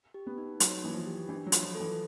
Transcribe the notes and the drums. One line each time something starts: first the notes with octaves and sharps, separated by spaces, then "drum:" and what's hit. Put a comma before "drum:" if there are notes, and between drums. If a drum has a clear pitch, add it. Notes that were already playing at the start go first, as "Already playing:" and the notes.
G4
B3
D#4
F#3 D#4, drum: hi-hat
E3 A#3
F3
G4
E3 D4
F#3
F4, drum: hi-hat
F3
A4
E3